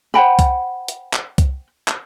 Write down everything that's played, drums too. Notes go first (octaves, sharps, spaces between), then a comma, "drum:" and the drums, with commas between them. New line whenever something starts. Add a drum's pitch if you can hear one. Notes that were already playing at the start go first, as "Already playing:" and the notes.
C5 F#5 G5 B5
drum: kick C2, hi-hat
drum: hi-hat
drum: clap
drum: kick C2, hi-hat
drum: clap